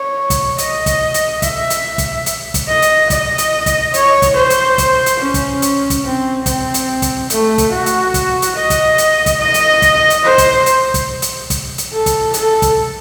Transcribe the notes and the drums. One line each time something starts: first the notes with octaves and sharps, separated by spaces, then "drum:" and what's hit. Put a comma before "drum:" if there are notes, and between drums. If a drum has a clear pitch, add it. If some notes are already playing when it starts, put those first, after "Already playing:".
Already playing: C#5
drum: kick, hi-hat
D#5, drum: hi-hat
drum: kick, hi-hat
drum: hi-hat
E5, drum: kick, hi-hat
drum: hi-hat
drum: kick, hi-hat
drum: hi-hat
drum: kick, hi-hat
D#5
drum: hi-hat
D#5, drum: kick, hi-hat
drum: hi-hat
drum: kick, hi-hat
C#5, drum: hi-hat
drum: kick, hi-hat
C5
drum: hi-hat
drum: kick, hi-hat
drum: hi-hat
C#4
drum: kick, hi-hat
drum: hi-hat
drum: kick, hi-hat
C4
C4, drum: kick, hi-hat
drum: hi-hat
drum: kick, hi-hat
A3, drum: hi-hat
drum: kick, hi-hat
F#4
drum: hi-hat
drum: kick, hi-hat
drum: hi-hat
D#5
drum: kick, hi-hat
drum: hi-hat
drum: kick, hi-hat
D#5
drum: hi-hat
drum: kick, hi-hat
drum: hi-hat
C5
drum: kick, hi-hat
drum: hi-hat
drum: kick, hi-hat
drum: hi-hat
drum: kick, hi-hat
drum: hi-hat
A4
drum: kick, hi-hat
A4, drum: hi-hat
drum: kick, hi-hat